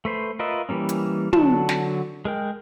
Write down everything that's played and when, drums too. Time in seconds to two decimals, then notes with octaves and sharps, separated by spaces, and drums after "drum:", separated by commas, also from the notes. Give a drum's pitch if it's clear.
0.05 A3 B4 C5
0.39 F4 A#4 B4 D#5 E5
0.69 E3 G3 A#3 C#4
0.89 drum: hi-hat
1.33 D3 F#3 A5, drum: tom
1.69 drum: snare
2.25 G#3 A#4 G5